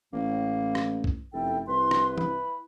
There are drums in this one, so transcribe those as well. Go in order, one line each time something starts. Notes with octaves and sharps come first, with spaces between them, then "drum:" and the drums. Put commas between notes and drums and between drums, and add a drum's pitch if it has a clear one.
A1 A2 A#3
drum: rim click
drum: kick B1
F1 F#2 E4 A4 G5
C2 E4 B4 C6
drum: rim click
B5, drum: tom E3